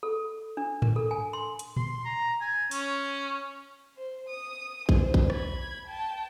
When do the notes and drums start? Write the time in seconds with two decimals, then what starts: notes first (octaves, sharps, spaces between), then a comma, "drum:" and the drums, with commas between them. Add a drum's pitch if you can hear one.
0.03 A4
0.57 D4
0.82 A#4, drum: tom G#2
0.96 A4
1.11 G#5
1.33 C6
1.59 drum: hi-hat
1.76 C6, drum: tom A#2
2.05 A#5
2.41 G#5
2.71 C#4, drum: open hi-hat
3.97 C5
4.29 D#6
4.89 C5, drum: kick A#1
5.14 drum: kick A#1
5.30 B5 G#6, drum: rim click
5.88 G5 A5